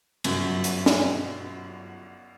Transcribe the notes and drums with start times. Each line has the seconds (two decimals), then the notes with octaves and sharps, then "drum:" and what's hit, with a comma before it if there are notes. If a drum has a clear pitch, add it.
0.24 G1 F#2 F#3, drum: cymbal
0.64 drum: hi-hat
0.86 drum: snare